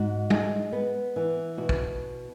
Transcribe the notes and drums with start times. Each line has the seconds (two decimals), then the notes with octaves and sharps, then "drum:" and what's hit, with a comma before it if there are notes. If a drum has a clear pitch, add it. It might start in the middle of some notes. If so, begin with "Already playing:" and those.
Already playing: G#2 F#4
0.30 G#3, drum: tom
0.73 B3
1.16 E3
1.58 B2 F#4
1.69 drum: kick